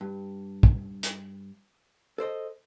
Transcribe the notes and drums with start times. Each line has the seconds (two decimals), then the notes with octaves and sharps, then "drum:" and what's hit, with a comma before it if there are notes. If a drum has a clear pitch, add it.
0.01 G2
0.63 drum: kick
1.03 drum: hi-hat
2.18 A4 C5 D5 D#5